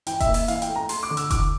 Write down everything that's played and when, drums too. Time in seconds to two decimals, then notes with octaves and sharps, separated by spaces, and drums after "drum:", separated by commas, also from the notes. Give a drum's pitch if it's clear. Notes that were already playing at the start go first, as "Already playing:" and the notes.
0.07 E3 G5, drum: hi-hat
0.20 E5, drum: kick F1, hi-hat
0.28 A#3
0.34 E5, drum: open hi-hat
0.48 E3 F5, drum: hi-hat
0.62 G5, drum: hi-hat
0.69 A3
0.75 A#5
0.89 A3 C6, drum: open hi-hat
1.03 D6
1.10 D3
1.17 E6, drum: hi-hat
1.30 E3 D6, drum: kick F1, hi-hat